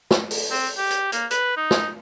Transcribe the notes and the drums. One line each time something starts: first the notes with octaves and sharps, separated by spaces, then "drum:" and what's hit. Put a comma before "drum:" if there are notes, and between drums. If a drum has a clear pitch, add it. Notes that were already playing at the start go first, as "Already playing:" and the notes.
drum: snare
drum: open hi-hat
C4
G4
drum: hi-hat
A#3, drum: hi-hat
B4, drum: hi-hat
D#4
drum: snare